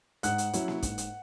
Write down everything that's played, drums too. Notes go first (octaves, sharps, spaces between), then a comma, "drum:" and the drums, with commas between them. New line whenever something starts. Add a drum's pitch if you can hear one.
G#2 F#5 F#6, drum: hi-hat
drum: hi-hat
F#3 C#4 E4, drum: hi-hat
drum: snare A#3
G#2, drum: kick, hi-hat
drum: hi-hat